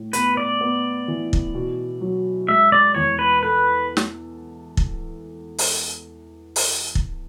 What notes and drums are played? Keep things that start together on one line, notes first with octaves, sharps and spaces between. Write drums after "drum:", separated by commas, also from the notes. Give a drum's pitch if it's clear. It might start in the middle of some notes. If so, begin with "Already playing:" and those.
Already playing: A2
B3 B4, drum: hi-hat
D5
B3
E3
drum: kick
B2
F#3
G#3 E5
D5
E2 C#5
B4
A4 B4
drum: snare
drum: kick
drum: open hi-hat
drum: open hi-hat
drum: kick